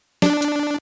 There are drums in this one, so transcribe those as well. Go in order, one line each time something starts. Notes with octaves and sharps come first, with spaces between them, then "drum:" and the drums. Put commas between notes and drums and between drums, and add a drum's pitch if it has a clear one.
D4, drum: snare
drum: hi-hat